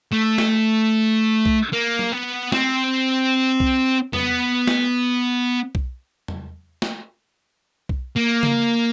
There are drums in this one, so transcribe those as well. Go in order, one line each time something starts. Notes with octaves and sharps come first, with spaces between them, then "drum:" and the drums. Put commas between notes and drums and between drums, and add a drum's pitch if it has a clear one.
A3
drum: snare
drum: kick B1
A#3
drum: tom F#3
B3
C4, drum: snare
drum: kick B1
B3, drum: tom
drum: snare
drum: kick B1
drum: tom
drum: snare
drum: kick B1
A#3
drum: tom C#3